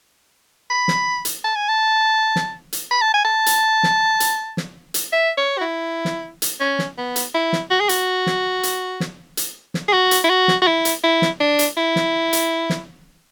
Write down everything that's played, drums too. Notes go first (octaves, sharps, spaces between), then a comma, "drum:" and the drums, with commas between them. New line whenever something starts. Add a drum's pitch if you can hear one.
B5
drum: snare
drum: hi-hat
A5
G#5
A5
drum: snare
drum: hi-hat
B5
A5
G#5
A5
drum: hi-hat
drum: snare
drum: hi-hat
drum: snare
drum: hi-hat
E5
C#5
F#4
E4
drum: snare
drum: hi-hat
C#4
drum: snare
B3
drum: hi-hat
E4
drum: snare
F#4
G#4
F#4, drum: hi-hat
drum: snare
drum: hi-hat
drum: snare
drum: hi-hat
drum: snare
G#4
F#4
drum: hi-hat
E4
F#4
drum: snare
F#4
E4
drum: hi-hat
E4
drum: snare
D4
drum: hi-hat
E4
drum: snare
drum: hi-hat
drum: snare